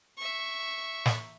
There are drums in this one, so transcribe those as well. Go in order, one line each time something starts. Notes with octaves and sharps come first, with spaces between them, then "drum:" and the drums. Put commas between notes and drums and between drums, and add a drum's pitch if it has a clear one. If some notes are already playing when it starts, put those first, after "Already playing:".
E5 C#6
drum: snare